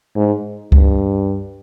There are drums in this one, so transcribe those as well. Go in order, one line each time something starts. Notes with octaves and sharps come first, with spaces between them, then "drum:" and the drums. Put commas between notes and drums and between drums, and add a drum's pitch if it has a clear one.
G#2
G2, drum: kick C#2